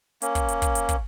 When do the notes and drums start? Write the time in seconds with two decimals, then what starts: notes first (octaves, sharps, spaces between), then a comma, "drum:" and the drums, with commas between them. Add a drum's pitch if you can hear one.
0.22 A#3 C#4, drum: hi-hat
0.35 drum: kick, hi-hat
0.48 drum: hi-hat
0.62 drum: kick, hi-hat
0.75 drum: hi-hat
0.89 drum: kick, hi-hat